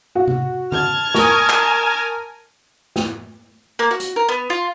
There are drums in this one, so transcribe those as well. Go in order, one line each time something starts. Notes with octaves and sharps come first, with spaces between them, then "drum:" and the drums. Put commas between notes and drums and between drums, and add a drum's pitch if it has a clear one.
F#4
drum: tom C3
A5 F6 G#6, drum: tom D3
A#4 G#5 C#6 D#6, drum: snare
drum: clap
drum: snare
A#3
F#4
drum: hi-hat
A#4
B3
F4